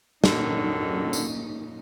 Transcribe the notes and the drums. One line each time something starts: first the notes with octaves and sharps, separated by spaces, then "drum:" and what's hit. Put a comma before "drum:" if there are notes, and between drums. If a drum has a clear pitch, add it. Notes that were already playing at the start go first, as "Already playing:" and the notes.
A#2 D3 D#3 F#3 C#4 D#4, drum: snare
drum: tambourine